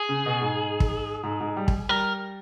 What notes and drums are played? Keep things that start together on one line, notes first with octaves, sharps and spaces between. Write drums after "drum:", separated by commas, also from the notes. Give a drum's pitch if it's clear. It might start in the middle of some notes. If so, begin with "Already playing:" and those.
Already playing: G#4
C#3
B2
G#2
drum: kick
G#2
G#2
G3
drum: kick
G3 A#4